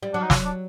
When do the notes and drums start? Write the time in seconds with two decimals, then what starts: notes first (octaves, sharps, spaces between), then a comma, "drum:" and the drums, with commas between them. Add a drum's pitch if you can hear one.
0.03 G3
0.14 F#3 D4
0.22 D#4
0.30 D4, drum: snare
0.45 D4